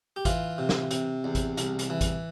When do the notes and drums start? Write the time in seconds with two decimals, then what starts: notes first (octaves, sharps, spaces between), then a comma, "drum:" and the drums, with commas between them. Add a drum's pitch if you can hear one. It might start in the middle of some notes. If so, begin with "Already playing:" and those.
0.16 G4
0.25 E3 F4, drum: kick G#1, hi-hat
0.58 C3
0.69 drum: snare
0.91 C3, drum: hi-hat
1.24 E2
1.35 drum: kick G#1, hi-hat
1.57 C2, drum: hi-hat
1.79 drum: hi-hat
1.90 E3
2.01 drum: kick G#1, hi-hat